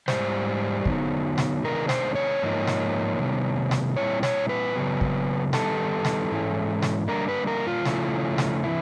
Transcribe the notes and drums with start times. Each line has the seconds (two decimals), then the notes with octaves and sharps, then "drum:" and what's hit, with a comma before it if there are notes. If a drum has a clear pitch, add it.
0.08 G#2 D#3 G3 C5, drum: snare
0.85 D3 F#3 B3 D#4, drum: kick
1.38 drum: snare
1.64 C3 D#3 G#3 B3 D4 A#4
1.89 C5, drum: snare
2.15 C#5
2.42 G#2 F3 A#3 D#4
2.67 drum: snare
3.19 C3 D#3 G3 B3
3.71 drum: snare
3.97 A#2 G3 C4 E4 C#5
4.23 C#5, drum: snare
4.49 B4
4.75 C#3 F#3 B3
5.01 drum: kick
5.53 D#3 G3 B3 D#4 A4, drum: snare
6.05 drum: snare
6.30 G#2 E3 G#3 C#4 E4
6.83 drum: snare
7.08 D3 G3 A#3 D4 A#4
7.29 B4
7.47 A#4
7.67 F4
7.85 C#3 F3 A3 C#4 E4, drum: snare
8.38 drum: snare
8.64 C3 E3 E4